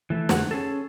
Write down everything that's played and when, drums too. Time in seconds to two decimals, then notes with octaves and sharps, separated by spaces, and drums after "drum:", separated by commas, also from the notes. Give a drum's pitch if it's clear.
0.10 E3 A3
0.29 F2 D3 G#4 F#5, drum: snare
0.51 C#4 G#4 A4